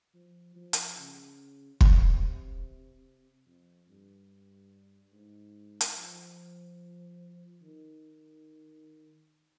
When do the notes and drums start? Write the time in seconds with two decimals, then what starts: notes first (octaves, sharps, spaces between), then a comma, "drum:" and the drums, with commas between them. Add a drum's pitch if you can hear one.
0.15 F3
0.56 F3
0.73 drum: hi-hat
0.98 C#3
1.81 C3, drum: kick
3.46 F2
3.89 G2
5.13 G#2
5.81 drum: hi-hat
5.97 F3
7.63 D#3